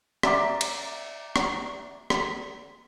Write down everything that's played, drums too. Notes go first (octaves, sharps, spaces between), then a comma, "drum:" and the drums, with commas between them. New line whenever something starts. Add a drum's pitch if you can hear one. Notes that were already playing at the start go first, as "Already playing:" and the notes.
D5 E5 A#5 D6, drum: rim click
drum: cymbal
drum: rim click
drum: rim click